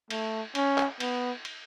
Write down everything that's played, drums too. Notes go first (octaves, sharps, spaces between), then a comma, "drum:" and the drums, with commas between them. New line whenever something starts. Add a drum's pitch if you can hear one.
A3, drum: cymbal
C#4, drum: cymbal
drum: clap
B3, drum: cymbal
drum: cymbal